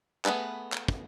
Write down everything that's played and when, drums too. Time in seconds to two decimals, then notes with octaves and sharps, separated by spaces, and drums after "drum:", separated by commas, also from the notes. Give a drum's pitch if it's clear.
0.25 A3 B3 G#4 A4 B4, drum: clap
0.73 drum: clap
0.88 drum: kick